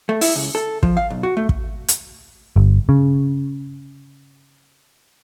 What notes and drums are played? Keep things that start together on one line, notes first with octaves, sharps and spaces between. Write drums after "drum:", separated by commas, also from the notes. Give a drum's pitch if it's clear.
A3
E4, drum: open hi-hat
C#2
A4
F3, drum: kick
F5
B1
F#4
A3
drum: kick
drum: hi-hat
G1
C#3